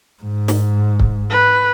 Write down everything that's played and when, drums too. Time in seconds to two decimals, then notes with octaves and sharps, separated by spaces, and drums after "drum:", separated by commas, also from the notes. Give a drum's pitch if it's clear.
0.23 G#2
0.48 drum: snare
1.00 drum: kick C#1
1.30 B4